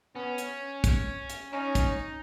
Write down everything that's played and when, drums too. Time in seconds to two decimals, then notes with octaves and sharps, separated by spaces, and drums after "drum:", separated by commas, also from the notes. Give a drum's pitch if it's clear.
0.15 B3 C#4
0.38 drum: hi-hat
0.84 drum: kick, hi-hat
1.30 drum: hi-hat
1.53 C#4 D#4
1.75 drum: kick, hi-hat